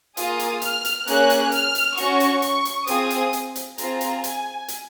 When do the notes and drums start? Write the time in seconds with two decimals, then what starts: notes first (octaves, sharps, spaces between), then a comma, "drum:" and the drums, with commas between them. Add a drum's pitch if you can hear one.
0.17 A#3 F4 G#4 D#6, drum: hi-hat
0.39 drum: hi-hat
0.62 F6, drum: hi-hat
0.85 drum: hi-hat
1.07 A#3 C#4 G#4 F#6, drum: hi-hat
1.30 drum: hi-hat
1.52 F6, drum: hi-hat
1.75 drum: hi-hat
1.97 C#4 F#4 C#6, drum: hi-hat
2.20 drum: hi-hat
2.42 C#6, drum: hi-hat
2.65 drum: hi-hat
2.87 C4 F4 G#4 D#6, drum: hi-hat
3.10 drum: hi-hat
3.33 drum: hi-hat
3.56 drum: hi-hat
3.78 C4 F4 G#4 A#5, drum: hi-hat
4.01 drum: hi-hat
4.24 G#5, drum: hi-hat
4.68 drum: hi-hat